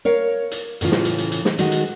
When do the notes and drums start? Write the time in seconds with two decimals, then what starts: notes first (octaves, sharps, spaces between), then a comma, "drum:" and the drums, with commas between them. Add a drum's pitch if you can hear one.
0.05 A#4 C#5 F5
0.52 drum: hi-hat
0.81 A2 C#3 E3 F4, drum: hi-hat
0.92 drum: snare
1.05 drum: hi-hat
1.18 drum: hi-hat
1.32 drum: hi-hat
1.45 drum: snare
1.58 D#3 G#3 F#4 A4, drum: hi-hat
1.72 drum: hi-hat